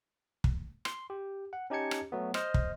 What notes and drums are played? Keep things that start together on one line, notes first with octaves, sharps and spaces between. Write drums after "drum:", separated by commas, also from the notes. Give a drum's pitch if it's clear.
drum: kick
C6, drum: rim click
G4
F#5
C#4 D#4 G4 A5 G#6 C#7
drum: rim click
F#3 A3 B3
C5 D#5 F6, drum: rim click
drum: kick